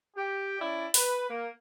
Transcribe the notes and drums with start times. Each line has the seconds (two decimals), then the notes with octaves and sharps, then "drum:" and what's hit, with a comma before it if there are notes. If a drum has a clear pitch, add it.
0.16 G4
0.60 C#4 E4 D5
0.94 B4, drum: open hi-hat
1.29 A#3